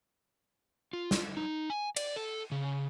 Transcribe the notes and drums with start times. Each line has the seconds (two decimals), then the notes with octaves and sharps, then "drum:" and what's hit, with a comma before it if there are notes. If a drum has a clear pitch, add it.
0.93 F4
1.11 drum: snare
1.37 D#4
1.70 G#5
1.96 D5, drum: cymbal
2.16 A4
2.52 C#3